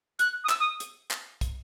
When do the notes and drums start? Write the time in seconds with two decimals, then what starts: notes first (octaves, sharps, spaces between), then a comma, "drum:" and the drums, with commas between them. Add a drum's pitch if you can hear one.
0.19 F#6, drum: hi-hat
0.44 D#6
0.49 E6, drum: clap
0.60 D#6
0.80 drum: hi-hat
1.11 drum: clap
1.41 drum: kick, hi-hat